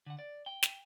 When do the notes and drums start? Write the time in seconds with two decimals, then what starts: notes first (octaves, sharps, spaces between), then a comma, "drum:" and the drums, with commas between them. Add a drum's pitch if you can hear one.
0.06 D3 F#5
0.19 D5
0.46 G5
0.63 drum: snare